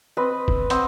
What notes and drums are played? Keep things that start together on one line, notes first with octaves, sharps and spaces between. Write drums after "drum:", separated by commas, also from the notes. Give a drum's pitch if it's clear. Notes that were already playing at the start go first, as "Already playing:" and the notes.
C4 B4 D#5
drum: kick
C4 D#5 F#5, drum: hi-hat